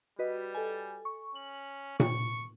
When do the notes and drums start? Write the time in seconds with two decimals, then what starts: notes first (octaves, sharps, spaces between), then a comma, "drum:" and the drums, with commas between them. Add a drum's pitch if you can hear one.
0.19 G3 F#4 B4 D#5
0.55 A4 G#5
1.05 C#6
1.35 C#4 F#7
2.00 C#6, drum: tom A#2